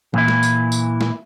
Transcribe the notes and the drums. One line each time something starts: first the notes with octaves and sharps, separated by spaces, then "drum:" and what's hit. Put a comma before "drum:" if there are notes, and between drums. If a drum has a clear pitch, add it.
A#2 E3 E4, drum: tom E3
drum: snare
drum: tambourine
drum: tambourine
drum: snare